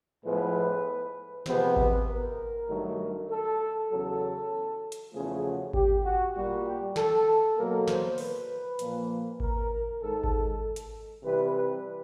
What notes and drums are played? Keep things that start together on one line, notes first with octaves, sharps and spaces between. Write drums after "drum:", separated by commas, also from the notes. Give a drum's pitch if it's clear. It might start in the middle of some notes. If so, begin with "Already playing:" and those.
A2 F3 G#3 B3 B4
C3 F3 G#3 B3 C5, drum: snare
B4, drum: kick G#1
A#4
G2 D#3 F#3 A3
A4
E2 C#3 F#3 A4
drum: hi-hat
E2 C#3 F3 A3 G#4
F#4
G4, drum: kick G#1
F#4
A#2 G3 A#3 F#4
G4
A4, drum: snare
B2 F#3 A#3 A#4
C5, drum: snare
B4, drum: open hi-hat
A#2 F3 A#3, drum: hi-hat
A#4, drum: kick G#1
G#2 D#3 G#3 A4
drum: kick G#1
drum: hi-hat
C3 E3 G3 B4
B4